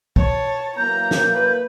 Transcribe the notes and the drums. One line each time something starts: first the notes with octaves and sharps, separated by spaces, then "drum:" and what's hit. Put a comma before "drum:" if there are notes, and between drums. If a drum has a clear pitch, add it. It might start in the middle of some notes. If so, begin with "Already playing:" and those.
C#5 A5, drum: kick
E3 F#3 A#3 A#5 G6
drum: snare
B4